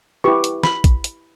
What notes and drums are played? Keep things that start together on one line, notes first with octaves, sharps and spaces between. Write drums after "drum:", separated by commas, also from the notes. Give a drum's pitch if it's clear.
E4 G4 B4 C#6
drum: hi-hat
B5, drum: snare
drum: kick, hi-hat
drum: hi-hat